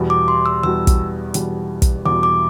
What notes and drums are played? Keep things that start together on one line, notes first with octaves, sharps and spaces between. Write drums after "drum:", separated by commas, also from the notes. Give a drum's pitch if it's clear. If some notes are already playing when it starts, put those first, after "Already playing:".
Already playing: E2 B2 G3
D6
C6
E6
E2 B2 G3 E6
drum: kick, hi-hat
E2 B2 G3, drum: hi-hat
drum: kick, hi-hat
E2 B2 G3 D6
D6